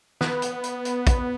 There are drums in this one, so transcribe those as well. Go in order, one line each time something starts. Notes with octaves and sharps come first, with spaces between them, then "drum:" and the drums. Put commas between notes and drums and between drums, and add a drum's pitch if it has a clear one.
B3, drum: snare
drum: hi-hat
drum: hi-hat
drum: hi-hat
drum: kick, hi-hat